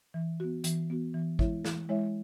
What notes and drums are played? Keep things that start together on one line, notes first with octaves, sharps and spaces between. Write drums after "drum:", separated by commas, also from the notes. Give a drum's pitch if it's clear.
E3
B3 F#4
E3, drum: hi-hat
B3 F#4
E3
G#3 E4 C#5 E5, drum: kick
E3, drum: snare
G#3 E4 C#5 E5